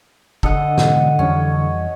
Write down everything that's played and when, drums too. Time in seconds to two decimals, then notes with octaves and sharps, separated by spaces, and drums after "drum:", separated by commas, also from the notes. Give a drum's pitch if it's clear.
0.43 D3 A4 D#5 F#5, drum: kick
0.78 G#2 B2 E3, drum: snare
1.19 F2 E3 G3 C#4